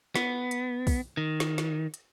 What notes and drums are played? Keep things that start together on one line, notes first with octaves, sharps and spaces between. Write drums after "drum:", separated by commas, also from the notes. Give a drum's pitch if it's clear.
B3, drum: snare
drum: hi-hat
drum: kick, open hi-hat
D#3
drum: snare
drum: snare
drum: hi-hat